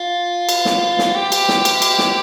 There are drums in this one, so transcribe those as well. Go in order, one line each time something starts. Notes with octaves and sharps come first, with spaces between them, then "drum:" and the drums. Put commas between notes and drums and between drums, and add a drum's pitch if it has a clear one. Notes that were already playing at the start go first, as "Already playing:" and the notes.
Already playing: F4
drum: cymbal
drum: snare
drum: snare
G4
drum: cymbal
drum: snare
drum: cymbal
drum: cymbal
drum: snare